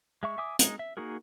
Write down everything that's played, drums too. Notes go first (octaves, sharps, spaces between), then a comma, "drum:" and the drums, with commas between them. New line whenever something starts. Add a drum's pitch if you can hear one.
G#3 E5 C#6
E5 G#5 D6 D#6
G#3 D#4, drum: hi-hat
E5
A#3 D#4 F#4 G#4 A#4